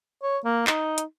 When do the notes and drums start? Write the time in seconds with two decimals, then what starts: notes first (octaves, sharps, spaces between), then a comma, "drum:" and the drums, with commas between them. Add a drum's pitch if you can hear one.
0.23 C#5
0.44 A#3
0.67 D#4, drum: clap
0.98 drum: hi-hat